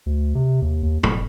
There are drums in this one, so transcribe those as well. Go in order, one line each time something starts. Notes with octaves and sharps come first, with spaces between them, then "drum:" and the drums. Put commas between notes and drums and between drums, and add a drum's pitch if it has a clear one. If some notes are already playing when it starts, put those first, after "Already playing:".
D2
C3
D#2
D#2
E1, drum: tom